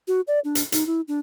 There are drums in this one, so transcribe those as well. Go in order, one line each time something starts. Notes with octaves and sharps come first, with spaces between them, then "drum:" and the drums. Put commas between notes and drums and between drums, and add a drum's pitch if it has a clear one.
F#4
D5
D4
drum: hi-hat
D#4, drum: hi-hat
E4
D4